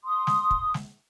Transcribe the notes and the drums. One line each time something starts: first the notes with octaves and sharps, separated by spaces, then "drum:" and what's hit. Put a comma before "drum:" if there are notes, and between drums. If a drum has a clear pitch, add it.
C6 D#6
drum: snare
drum: kick
drum: snare